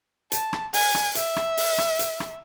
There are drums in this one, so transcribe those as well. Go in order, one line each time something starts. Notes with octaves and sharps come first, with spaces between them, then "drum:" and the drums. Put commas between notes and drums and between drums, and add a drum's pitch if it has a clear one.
A5, drum: hi-hat
drum: rim click
G#5, drum: open hi-hat
drum: rim click
E5, drum: hi-hat
drum: rim click
drum: open hi-hat
drum: rim click
drum: hi-hat
drum: rim click